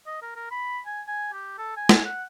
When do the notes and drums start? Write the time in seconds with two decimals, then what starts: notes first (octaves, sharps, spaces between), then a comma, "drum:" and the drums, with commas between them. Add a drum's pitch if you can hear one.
0.06 D#5
0.22 A#4
0.36 A#4
0.51 B5
0.86 G#5
1.07 G#5
1.33 G4
1.58 A4
1.77 G#5
1.89 drum: snare
2.05 F#5